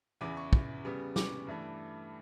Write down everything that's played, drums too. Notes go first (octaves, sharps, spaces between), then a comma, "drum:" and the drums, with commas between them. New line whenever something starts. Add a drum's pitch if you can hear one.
E2 C#3 E3 D6
C#6
drum: kick
C#3 G3 B3
D6, drum: snare
G2 E3 A3